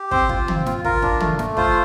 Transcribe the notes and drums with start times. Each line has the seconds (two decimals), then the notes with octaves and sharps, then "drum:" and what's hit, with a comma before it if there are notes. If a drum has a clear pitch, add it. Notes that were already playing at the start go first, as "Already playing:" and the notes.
Already playing: G4
0.11 C4 C5, drum: kick
0.29 F4, drum: kick
0.48 C4, drum: tom
0.66 F4, drum: snare
0.85 F4 A#4, drum: kick
1.02 D4, drum: kick
1.20 A3, drum: tom
1.39 A3, drum: snare
1.57 F4 C5, drum: kick